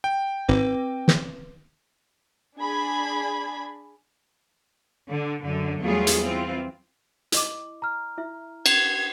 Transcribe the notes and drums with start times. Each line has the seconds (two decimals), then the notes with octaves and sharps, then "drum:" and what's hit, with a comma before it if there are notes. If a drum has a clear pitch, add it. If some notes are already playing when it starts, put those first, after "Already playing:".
0.04 G5
0.49 G#1 C4 B4 D6
1.08 drum: snare
2.58 D4 G#4 B5 G#6
5.11 D3
5.44 F#2 D3
5.82 E2 F#3 G3 A3 F4 G#4
6.07 drum: hi-hat
6.23 E3 C4 F4
7.32 E4 D#5 D6, drum: hi-hat
7.82 A#5 F6
8.18 E4 E5
8.66 G#6, drum: cymbal